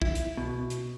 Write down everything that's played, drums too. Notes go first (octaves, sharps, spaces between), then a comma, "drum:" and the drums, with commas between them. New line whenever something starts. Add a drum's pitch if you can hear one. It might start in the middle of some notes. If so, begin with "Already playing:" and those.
E4, drum: kick
drum: hi-hat
B2
drum: hi-hat